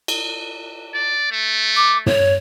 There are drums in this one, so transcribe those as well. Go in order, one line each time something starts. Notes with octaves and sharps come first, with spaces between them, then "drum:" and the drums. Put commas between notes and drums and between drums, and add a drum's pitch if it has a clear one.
drum: cymbal
D5
A3
D6
C#5, drum: tom